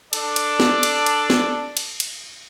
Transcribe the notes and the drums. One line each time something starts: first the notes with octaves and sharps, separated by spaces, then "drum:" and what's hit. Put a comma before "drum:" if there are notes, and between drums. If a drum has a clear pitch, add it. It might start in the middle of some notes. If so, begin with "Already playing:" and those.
D4 A4 D5, drum: cymbal
drum: cymbal
drum: snare
drum: cymbal
drum: cymbal
drum: snare
drum: cymbal
drum: cymbal